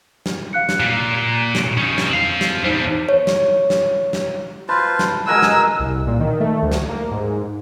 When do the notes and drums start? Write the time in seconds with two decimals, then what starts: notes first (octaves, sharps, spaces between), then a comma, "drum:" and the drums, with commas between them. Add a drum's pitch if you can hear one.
0.26 drum: snare
0.53 F5 F#6 C#7
0.69 drum: snare
0.80 A#2
1.55 drum: snare
1.77 C#4 D#4
1.98 drum: snare
2.09 C4 F5 F#7
2.41 drum: snare
2.64 E2 G3 D#4 C5
3.09 C#5
3.27 drum: snare
3.70 drum: snare
4.13 drum: snare
4.69 F4 B4 C5 A5
4.99 drum: snare
5.27 G#3 A#4 F#5 G#5 E6
5.42 drum: snare
5.80 C2
6.07 A#2
6.20 D#3
6.40 A3
6.63 D2
6.72 drum: snare
6.89 A#3
7.11 G#2